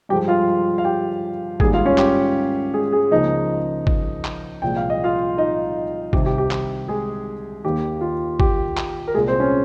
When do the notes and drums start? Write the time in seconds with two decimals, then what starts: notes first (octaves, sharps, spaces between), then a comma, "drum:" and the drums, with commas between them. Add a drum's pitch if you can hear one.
0.09 G2 F3 G#3 G4 G5
0.28 F4 F5
0.78 F5
0.85 G4 G5
1.60 G#2 D#3 G3 A#3 G#4 G#5, drum: kick
1.73 F4 F5
1.85 C#4 C#5
1.98 G4, drum: clap
2.74 G#3 G#4
2.93 G#3 G#4
3.11 C#2 C#3 F3 A#3 D#4 D#5
3.87 drum: kick
4.25 drum: clap
4.62 C2 A#2 F3 G#3 G5
4.76 F5
4.90 D#5
5.04 F4 F5
5.38 D#4 D#5
6.13 C2 C3 D#3 G4, drum: kick
6.26 G4
6.38 G4
6.51 drum: clap
6.88 G#3 G#4
7.65 D#2 D#3 A#3 G4
8.01 F4
8.40 G4, drum: kick
8.77 drum: clap
9.07 A#4
9.14 C2 A#2 G#3 G#4
9.27 C4 C5
9.39 C#4 C#5